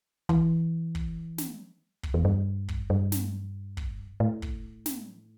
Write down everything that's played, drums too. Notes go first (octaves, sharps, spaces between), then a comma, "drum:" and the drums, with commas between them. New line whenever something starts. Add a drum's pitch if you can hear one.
E3, drum: kick
drum: kick
drum: snare
drum: kick
E2
G2
drum: kick
G2
drum: snare
drum: kick
A2
drum: kick
drum: snare